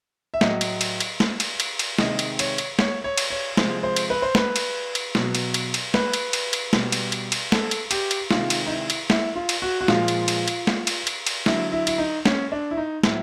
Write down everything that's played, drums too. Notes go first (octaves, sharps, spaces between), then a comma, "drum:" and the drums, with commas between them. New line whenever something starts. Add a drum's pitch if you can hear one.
E5
A2 F#3 D#5, drum: snare
drum: cymbal
drum: cymbal
drum: cymbal
drum: snare
drum: cymbal
drum: cymbal
drum: cymbal
C3 D#3 G#3 D#5, drum: snare
drum: cymbal
C#5, drum: cymbal
drum: cymbal
C#5, drum: snare
C#5
drum: cymbal
C#5
C3 F3 G#3 C5, drum: snare
C5
drum: cymbal
B4
C5
B4, drum: snare
drum: cymbal
drum: cymbal
B2 F#3, drum: snare
drum: cymbal
drum: cymbal
drum: cymbal
B4, drum: snare
drum: cymbal
drum: cymbal
drum: cymbal
B2 G3, drum: snare
drum: cymbal
drum: cymbal
drum: cymbal
A4, drum: snare
drum: cymbal
G4, drum: cymbal
drum: cymbal
C3 D#3 G#3 F4, drum: snare
drum: cymbal
D#4
E4
drum: cymbal
E4, drum: snare
F4
drum: cymbal
F#4
F#4
A#2 F3 G#3 F4, drum: snare
drum: cymbal
drum: cymbal
drum: cymbal
drum: snare
drum: cymbal
drum: cymbal
drum: cymbal
D3 F#3 E4, drum: snare
E4
E4, drum: cymbal
D#4
C#4, drum: snare
D4
E4
D#4
A2 F#3 E4, drum: snare